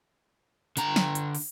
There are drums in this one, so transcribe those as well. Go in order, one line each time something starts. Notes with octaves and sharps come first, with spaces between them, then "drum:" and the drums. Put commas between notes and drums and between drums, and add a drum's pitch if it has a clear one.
D3 A#5, drum: hi-hat
drum: snare
drum: hi-hat
drum: open hi-hat